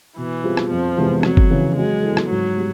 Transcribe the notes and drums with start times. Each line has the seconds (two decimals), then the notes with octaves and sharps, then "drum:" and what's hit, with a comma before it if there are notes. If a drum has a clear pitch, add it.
0.18 B2 E3
0.44 G3 C4 F4 G#4
0.57 drum: rim click
0.70 F2 F3
0.97 C3 E3 G#3 B3
1.23 F2 F#3, drum: rim click
1.37 drum: kick
1.51 C#3 E3
1.77 F#3 G#3
2.03 B3 E4 A4
2.17 drum: rim click
2.30 G#2 F#3
2.57 G3